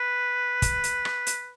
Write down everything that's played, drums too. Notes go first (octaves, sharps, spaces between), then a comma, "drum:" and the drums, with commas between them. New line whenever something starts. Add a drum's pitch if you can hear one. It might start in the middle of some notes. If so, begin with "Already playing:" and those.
Already playing: B4
drum: kick, hi-hat
drum: hi-hat
drum: rim click
drum: hi-hat